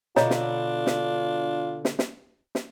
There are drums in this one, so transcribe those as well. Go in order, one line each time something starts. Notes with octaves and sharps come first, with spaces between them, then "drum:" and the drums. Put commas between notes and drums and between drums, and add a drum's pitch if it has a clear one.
B2 D3 D4 F4 C#5 D#5 A#5, drum: snare
drum: snare
drum: snare
drum: snare
drum: snare
drum: snare